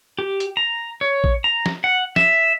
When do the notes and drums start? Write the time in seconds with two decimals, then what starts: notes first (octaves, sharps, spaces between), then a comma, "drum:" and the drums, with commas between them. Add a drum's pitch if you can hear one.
0.19 G4
0.40 drum: hi-hat
0.57 A#5
1.01 C#5
1.24 drum: kick
1.44 A#5
1.66 drum: snare
1.84 F#5
2.16 E5, drum: snare